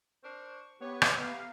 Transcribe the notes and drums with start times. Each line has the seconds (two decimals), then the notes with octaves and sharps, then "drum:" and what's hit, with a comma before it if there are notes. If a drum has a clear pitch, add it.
0.23 D4 A#4 C5 C#6
0.80 B3 G4 B4 C#5
1.02 drum: rim click
1.19 A3 F5 A#5